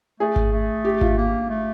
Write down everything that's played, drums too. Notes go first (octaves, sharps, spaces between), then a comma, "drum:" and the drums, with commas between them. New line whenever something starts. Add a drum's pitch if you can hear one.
A3 G#4
drum: kick G#1
A3
G4
F4, drum: kick G#1
A#3
A3